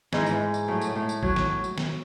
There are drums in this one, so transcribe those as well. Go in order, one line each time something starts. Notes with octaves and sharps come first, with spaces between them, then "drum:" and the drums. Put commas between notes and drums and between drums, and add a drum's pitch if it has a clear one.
G#2 E3 G#3, drum: snare
drum: tambourine
drum: tambourine
A2 F#3 A3
drum: tambourine
A2
drum: tambourine
F#3, drum: kick A1
drum: snare
drum: tambourine
drum: snare